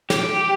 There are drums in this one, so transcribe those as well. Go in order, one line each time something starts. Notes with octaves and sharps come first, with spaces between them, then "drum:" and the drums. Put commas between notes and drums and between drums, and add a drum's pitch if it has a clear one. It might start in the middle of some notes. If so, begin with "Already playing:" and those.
G4, drum: snare